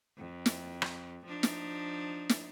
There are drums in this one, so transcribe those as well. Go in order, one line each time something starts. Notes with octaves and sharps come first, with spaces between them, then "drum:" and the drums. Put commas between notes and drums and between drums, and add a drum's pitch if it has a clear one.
F2
drum: snare
drum: rim click
F3 D4 D#4
drum: snare
drum: snare